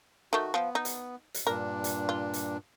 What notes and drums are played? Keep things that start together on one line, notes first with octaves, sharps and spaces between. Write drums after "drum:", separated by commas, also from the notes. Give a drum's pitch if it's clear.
D#3 A3 F#4
F3 B3
D#4
drum: hi-hat
drum: hi-hat
G2 A#2 D4 A#4
drum: hi-hat
F4
drum: hi-hat